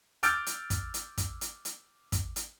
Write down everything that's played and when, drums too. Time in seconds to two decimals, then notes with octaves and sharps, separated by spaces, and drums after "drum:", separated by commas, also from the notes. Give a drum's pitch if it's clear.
0.23 D6 E6 F6 G6 A6 D7, drum: hi-hat
0.46 drum: hi-hat
0.70 drum: kick, hi-hat
0.94 drum: hi-hat
1.18 drum: kick, hi-hat
1.41 drum: hi-hat
1.65 drum: hi-hat
2.12 drum: kick, hi-hat
2.36 drum: hi-hat